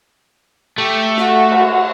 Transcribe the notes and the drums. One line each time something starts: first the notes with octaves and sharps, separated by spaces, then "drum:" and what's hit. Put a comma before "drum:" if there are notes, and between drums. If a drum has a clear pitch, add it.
A3 G4
F#4, drum: snare
drum: cymbal